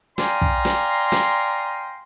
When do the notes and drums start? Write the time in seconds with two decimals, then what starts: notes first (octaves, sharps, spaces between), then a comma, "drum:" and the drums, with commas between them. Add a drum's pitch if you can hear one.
0.18 D5 F5 G5 G#5 A#5 C6, drum: snare
0.41 drum: kick
0.65 drum: snare
1.12 drum: snare